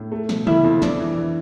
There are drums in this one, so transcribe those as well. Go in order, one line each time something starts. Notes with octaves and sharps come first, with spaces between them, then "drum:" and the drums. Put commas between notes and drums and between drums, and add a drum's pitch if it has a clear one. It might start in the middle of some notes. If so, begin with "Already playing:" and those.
Already playing: A2 D4
A3
B2, drum: snare
E3 E4, drum: tom
F2
B3 D4, drum: snare
E3
E3